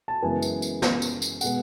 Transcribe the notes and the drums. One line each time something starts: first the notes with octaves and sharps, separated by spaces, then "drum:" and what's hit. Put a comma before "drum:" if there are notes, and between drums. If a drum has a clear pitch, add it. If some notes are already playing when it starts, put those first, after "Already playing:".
A5
F#1 F#2 E3 G#3 B3 G#5
drum: tambourine
drum: tambourine
drum: snare
drum: tambourine
drum: tambourine
B2 G#3 B3 F#5, drum: tambourine